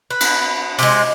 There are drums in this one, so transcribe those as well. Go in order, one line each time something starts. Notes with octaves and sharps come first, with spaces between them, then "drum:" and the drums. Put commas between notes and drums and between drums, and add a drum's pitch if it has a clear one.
B4
drum: cymbal
C3 G#3, drum: open hi-hat